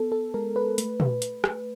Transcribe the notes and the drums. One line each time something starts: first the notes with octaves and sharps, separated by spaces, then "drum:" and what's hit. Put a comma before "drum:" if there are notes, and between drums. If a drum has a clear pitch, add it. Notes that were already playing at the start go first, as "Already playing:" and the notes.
Already playing: B3 A4
A4
G#3 A#4
B4
A3, drum: hi-hat
drum: tom
drum: hi-hat
drum: rim click